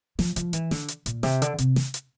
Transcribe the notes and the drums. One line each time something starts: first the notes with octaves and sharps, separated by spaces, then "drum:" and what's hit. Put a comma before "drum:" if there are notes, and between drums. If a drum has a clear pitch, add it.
F3, drum: snare
F3, drum: hi-hat
E3, drum: hi-hat
D3, drum: snare
drum: hi-hat
A#2, drum: hi-hat
C3, drum: snare
D3, drum: hi-hat
C3, drum: hi-hat
drum: snare
drum: hi-hat